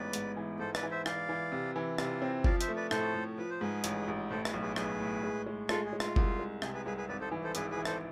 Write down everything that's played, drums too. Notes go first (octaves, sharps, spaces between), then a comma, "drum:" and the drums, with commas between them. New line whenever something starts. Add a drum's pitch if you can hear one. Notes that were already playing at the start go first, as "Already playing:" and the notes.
Already playing: A1 G#2 B3 B4 D5
G#2, drum: hi-hat
E3
G#2 A4 C5
B4 D5, drum: rim click
E3
C5 E5
E3 D5 F5, drum: rim click
E3
C3
E3
C3 D5 F5, drum: rim click
C4
F3 D5 F5, drum: kick F#1
C5 E5, drum: hi-hat
A3
B4 D5
A2 A4 C5, drum: rim click
A2
F3 B4
C5
G#2 G#4 B4
A1, drum: hi-hat
A1
A2 A4 C5
G#4 B4, drum: rim click
B1
G#4 B4
B1 G#4 B4, drum: rim click
A2
G#3
G#3
G#3 F4 A4, drum: rim click
G#4
G#3
F4, drum: rim click
C2, drum: kick F#1
G#3
C3 G#4, drum: rim click
G#4 B4
C2 G#4 B4
G#4 B4
G#1 B4 D5
A4 C5
E3
A4 C5
G#1 G#4 B4, drum: hi-hat
G#4 B4
E3
A4 C5, drum: rim click